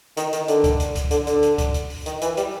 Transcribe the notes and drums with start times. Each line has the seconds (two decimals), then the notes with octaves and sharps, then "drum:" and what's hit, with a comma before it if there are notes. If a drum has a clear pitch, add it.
0.17 D#3, drum: hi-hat
0.33 D#3, drum: hi-hat
0.48 D3, drum: hi-hat
0.64 drum: kick C#2, hi-hat
0.80 drum: hi-hat
0.95 drum: kick C#2, hi-hat
1.11 D3, drum: hi-hat
1.27 D3, drum: hi-hat
1.43 drum: hi-hat
1.58 drum: kick C#2, hi-hat
1.74 drum: hi-hat
1.90 drum: open hi-hat
2.06 D#3, drum: hi-hat
2.21 E3, drum: hi-hat
2.37 G3, drum: hi-hat